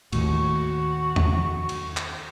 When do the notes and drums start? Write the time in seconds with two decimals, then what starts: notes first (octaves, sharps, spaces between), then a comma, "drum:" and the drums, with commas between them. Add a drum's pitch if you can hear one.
0.12 D#2 A2 F#4, drum: cymbal
1.16 drum: tom E2
1.69 drum: cymbal
1.97 drum: clap